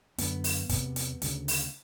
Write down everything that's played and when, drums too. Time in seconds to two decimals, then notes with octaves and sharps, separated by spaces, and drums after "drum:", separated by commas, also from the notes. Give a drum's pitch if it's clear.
0.18 F#2 D3 B3, drum: hi-hat
0.44 drum: open hi-hat
0.69 E2 C3 B3, drum: kick, hi-hat
0.96 drum: hi-hat
1.22 D2 C#3, drum: hi-hat
1.48 drum: open hi-hat